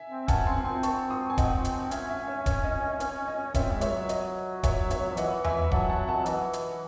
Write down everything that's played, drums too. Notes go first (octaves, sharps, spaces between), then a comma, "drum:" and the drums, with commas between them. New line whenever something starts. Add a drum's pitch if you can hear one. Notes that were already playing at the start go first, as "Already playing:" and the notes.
Already playing: E5 G#5
C4
C#4 F#5 A5, drum: kick D#1, hi-hat
C4 G#5 C6
C4 G#5 C6
A5 C#6, drum: hi-hat
C6 D#6
G#5
D#5 F#5, drum: kick D#1, hi-hat
drum: hi-hat
C#4 E5 G#5, drum: hi-hat
E5 G#5
C#5 E5
C#5, drum: kick D#1, hi-hat
D#5
D#5
C#5, drum: hi-hat
D#5
C4 C#5 E5, drum: kick D#1, hi-hat
G#3
C#5 E5, drum: hi-hat
F#3
D#5, drum: hi-hat
C#5 E5, drum: kick D#1, hi-hat
C#5 E5, drum: hi-hat
E3 D#5 F#5, drum: hi-hat
E5 G#5, drum: tom E2
F#3 F#5 A5, drum: kick D#1
F#5 A5
F#5 A5
E3 D#5 F#5, drum: hi-hat
drum: hi-hat